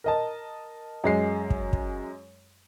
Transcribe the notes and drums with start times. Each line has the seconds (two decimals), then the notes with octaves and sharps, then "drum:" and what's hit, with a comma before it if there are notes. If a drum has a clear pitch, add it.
0.04 A#4 D#5 A5
1.04 F#2 G#3 C7
1.50 drum: kick
1.73 drum: kick